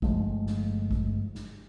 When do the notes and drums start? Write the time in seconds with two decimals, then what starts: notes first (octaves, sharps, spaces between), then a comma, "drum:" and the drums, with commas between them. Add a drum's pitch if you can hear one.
0.02 G1 F3 G#3 A3, drum: kick G#1
0.46 drum: snare
0.91 drum: kick G#1
1.35 drum: snare